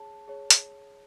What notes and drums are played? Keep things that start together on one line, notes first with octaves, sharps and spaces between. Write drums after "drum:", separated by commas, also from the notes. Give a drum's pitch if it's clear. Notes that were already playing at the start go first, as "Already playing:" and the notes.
Already playing: G#4 C#5 A5
G#4 C#5
drum: hi-hat